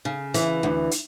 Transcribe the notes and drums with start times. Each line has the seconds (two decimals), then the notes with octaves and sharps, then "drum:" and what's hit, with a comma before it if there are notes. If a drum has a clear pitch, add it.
0.05 C#3
0.34 E3, drum: hi-hat
0.63 D2
0.91 drum: hi-hat